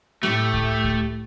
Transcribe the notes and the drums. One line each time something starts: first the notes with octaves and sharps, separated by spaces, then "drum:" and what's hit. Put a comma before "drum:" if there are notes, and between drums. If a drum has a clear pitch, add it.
A2 A3 G4, drum: snare C4
drum: kick C#2
drum: kick C#2